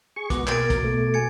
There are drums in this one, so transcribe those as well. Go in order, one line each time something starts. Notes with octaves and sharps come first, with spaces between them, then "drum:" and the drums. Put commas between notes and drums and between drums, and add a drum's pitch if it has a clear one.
G#4 C#6
G#3 B3 F#4 D6, drum: kick A#1, hi-hat
B2 A#3 A#4 G#6 A6 D7, drum: clap
drum: kick A#1, hi-hat
A3
G#5 G#6 C#7